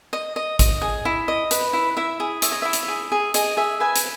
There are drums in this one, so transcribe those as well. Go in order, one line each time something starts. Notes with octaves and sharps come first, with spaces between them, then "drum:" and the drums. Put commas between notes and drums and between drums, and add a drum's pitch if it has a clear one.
D#5
D#5
D#5, drum: kick G#1, hi-hat
G#4
E4
D#5
B4, drum: hi-hat
E4
E4 E5
G#4
C#5 E5, drum: hi-hat
D#5
E4 E5
drum: hi-hat
G#4
G#4
G#4 D#5, drum: hi-hat
G#4 E5
B4 E5 G#5
drum: hi-hat